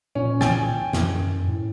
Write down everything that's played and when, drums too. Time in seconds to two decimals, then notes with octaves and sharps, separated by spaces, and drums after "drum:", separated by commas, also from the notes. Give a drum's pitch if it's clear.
0.15 A#2 C#4
0.41 G5 G#5 A6, drum: snare
0.93 F#2, drum: snare
1.47 A2